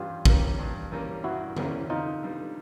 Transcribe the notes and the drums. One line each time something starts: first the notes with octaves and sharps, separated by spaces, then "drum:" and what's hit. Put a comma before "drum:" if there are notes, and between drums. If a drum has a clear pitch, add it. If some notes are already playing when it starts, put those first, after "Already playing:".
Already playing: G2 E3 G3 C#4 F4 G4
E3 G3 A#3 C#4, drum: kick
G2
E3 G3 A#3 C#4
G2 E4 F#4
E3 G3 A#3 C#4, drum: tom D3
F2 D#4 F4
D3 G3 B3